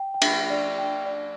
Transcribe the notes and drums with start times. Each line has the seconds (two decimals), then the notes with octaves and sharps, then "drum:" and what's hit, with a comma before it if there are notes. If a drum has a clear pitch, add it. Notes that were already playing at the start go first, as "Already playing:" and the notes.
Already playing: G5
0.14 G5
0.21 E5, drum: cymbal
0.40 E5
0.50 D5
0.79 G5
1.06 D5